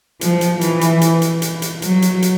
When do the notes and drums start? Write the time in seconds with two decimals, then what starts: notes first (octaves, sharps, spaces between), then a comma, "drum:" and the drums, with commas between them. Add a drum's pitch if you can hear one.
0.21 F3, drum: hi-hat
0.41 drum: hi-hat
0.61 E3, drum: hi-hat
0.81 drum: hi-hat
1.01 drum: hi-hat
1.22 drum: hi-hat
1.42 drum: hi-hat
1.62 drum: hi-hat
1.82 F#3, drum: hi-hat
2.02 drum: hi-hat
2.22 drum: hi-hat